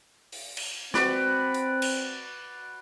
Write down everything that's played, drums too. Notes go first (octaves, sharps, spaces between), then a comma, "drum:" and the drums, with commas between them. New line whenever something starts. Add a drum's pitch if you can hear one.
drum: open hi-hat
drum: cymbal
C4 F#4 B4 D5, drum: snare
drum: hi-hat
drum: cymbal